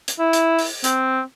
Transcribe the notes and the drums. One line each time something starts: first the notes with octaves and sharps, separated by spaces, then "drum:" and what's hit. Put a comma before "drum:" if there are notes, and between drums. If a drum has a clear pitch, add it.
drum: hi-hat
E4
drum: hi-hat
drum: open hi-hat
C4, drum: hi-hat